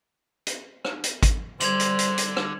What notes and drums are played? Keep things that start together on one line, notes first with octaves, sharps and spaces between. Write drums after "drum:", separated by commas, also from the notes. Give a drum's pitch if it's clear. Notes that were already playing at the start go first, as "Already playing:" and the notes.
drum: hi-hat
drum: rim click
drum: hi-hat
drum: kick G#1, hi-hat
D3 G3 C5 G#6 F7 F#7, drum: hi-hat
drum: hi-hat
drum: hi-hat
drum: hi-hat
drum: rim click